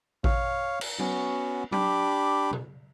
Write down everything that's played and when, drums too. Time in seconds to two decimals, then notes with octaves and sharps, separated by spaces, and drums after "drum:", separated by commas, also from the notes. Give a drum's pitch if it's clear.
0.24 C#5 F5, drum: kick A1
0.81 drum: cymbal
0.99 B3 C#4 F#4, drum: tom F#3
1.72 D4 G4 B5 D6, drum: tom F#3
2.53 drum: tom B2